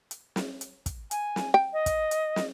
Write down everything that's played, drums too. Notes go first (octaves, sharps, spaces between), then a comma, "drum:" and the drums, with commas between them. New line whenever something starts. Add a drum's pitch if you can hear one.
drum: hi-hat
drum: snare
drum: hi-hat
drum: kick, hi-hat
G#5, drum: hi-hat
drum: snare
G5
D#5
drum: kick, hi-hat
drum: hi-hat
drum: snare